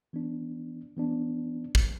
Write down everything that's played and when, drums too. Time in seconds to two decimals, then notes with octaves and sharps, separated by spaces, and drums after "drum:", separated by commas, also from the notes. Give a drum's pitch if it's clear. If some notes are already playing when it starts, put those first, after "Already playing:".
0.13 E3 B3 D4
0.97 E3 B3 D4
1.75 drum: kick